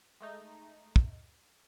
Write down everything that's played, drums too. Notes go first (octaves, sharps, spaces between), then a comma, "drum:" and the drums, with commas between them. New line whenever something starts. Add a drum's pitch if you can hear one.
G#3 A3 D#4
drum: kick